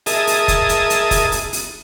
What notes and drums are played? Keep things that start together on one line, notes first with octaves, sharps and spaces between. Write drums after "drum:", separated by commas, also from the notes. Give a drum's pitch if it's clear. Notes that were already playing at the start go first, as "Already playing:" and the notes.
G#4 A#4 D#5 E5 A5 D#6, drum: open hi-hat
drum: open hi-hat
drum: kick, hi-hat
drum: hi-hat
drum: hi-hat
drum: kick, open hi-hat
drum: open hi-hat
drum: open hi-hat